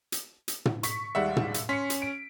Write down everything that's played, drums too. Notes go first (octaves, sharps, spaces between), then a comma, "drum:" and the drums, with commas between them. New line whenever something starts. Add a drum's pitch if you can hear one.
drum: hi-hat
drum: hi-hat
drum: tom
C#6 B6, drum: hi-hat
D#2 G3 G#3 E5 F#5
drum: tom
drum: hi-hat
C#4 C6 B6 C#7
drum: hi-hat
D7